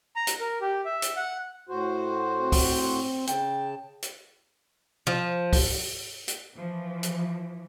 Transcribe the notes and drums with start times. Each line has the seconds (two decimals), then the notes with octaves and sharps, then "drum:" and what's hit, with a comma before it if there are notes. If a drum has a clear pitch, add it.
0.16 A#5
0.27 drum: hi-hat
0.40 A#4
0.61 G4
0.85 E5
1.02 drum: hi-hat
1.16 F#5
1.69 A2 F#4 C5
2.40 C4
2.52 drum: kick, open hi-hat
3.27 C#3 G5 A5, drum: hi-hat
4.02 drum: hi-hat
5.07 F3
5.53 drum: kick, open hi-hat
6.28 drum: hi-hat
6.53 E3 F3
7.03 drum: hi-hat